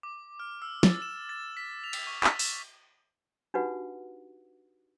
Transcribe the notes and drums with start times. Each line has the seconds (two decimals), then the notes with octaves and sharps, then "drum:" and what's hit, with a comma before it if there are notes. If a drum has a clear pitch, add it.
0.03 D6
0.40 F6
0.62 E6
0.83 A6, drum: snare
1.02 E7
1.29 A6
1.57 B6
1.84 F7
1.93 drum: cymbal
2.07 C#6
2.24 B6, drum: clap
2.39 E7, drum: open hi-hat
3.54 D4 D#4 F#4 G4 B4 F#5